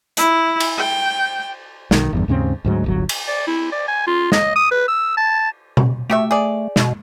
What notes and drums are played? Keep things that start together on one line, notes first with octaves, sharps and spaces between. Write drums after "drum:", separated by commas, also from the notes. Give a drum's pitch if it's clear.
E4, drum: hi-hat
drum: cymbal
G5
B1 D#3, drum: snare
G1 E2 G2
D#2 G#2 C#3 C4
D2 G#2 F#3
D1 G1 F#3
drum: cymbal
D5
E4
D5
G#5
F4
D#5, drum: snare
D#6
B4
E6
A5
drum: tom B2
A3 F#4 G4 E5
G#4 D5
B2, drum: snare